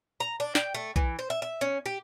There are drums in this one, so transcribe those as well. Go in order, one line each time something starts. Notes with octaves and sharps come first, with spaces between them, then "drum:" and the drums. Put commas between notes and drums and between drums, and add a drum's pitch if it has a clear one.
A#5
D4
G5, drum: snare
A3
E3, drum: kick B1
C5
E5
E5
C#4
G4